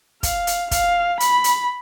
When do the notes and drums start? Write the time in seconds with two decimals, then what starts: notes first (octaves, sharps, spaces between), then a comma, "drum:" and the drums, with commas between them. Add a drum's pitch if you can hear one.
0.23 F5, drum: kick, hi-hat
0.47 drum: hi-hat
0.71 F5, drum: kick, hi-hat
1.20 B5, drum: hi-hat
1.44 drum: hi-hat